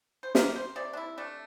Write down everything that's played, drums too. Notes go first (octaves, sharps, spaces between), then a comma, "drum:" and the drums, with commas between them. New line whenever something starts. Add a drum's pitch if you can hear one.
C5
A#3 A#4, drum: snare
C5
C3 D5
D4
E4
A3 D4